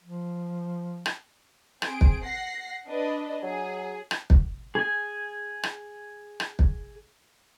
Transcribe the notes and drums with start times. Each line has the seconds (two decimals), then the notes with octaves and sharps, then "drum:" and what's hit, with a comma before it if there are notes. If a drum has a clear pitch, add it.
0.03 F3
1.06 drum: rim click
1.82 C4 G#4 D7, drum: rim click
2.01 drum: kick
2.24 F#5 A#6 C7
2.87 D4 B4 D#5
3.43 F#3 G#4
4.11 drum: rim click
4.30 drum: kick
4.75 G#4 G#5
5.63 drum: rim click
6.40 drum: rim click
6.59 drum: kick